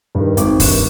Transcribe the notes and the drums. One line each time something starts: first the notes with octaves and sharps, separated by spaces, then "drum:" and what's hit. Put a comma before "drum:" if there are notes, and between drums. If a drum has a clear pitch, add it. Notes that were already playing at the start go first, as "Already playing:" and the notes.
G2
D#3
G#1 D6, drum: hi-hat
G2 D#3 C#6, drum: kick, open hi-hat